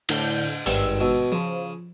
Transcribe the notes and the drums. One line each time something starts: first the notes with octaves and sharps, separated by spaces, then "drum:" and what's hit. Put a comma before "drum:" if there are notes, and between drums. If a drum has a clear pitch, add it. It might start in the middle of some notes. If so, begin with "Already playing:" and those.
A2 D3 G6, drum: cymbal
G#1 G2 E6, drum: open hi-hat
B2
C#3 F3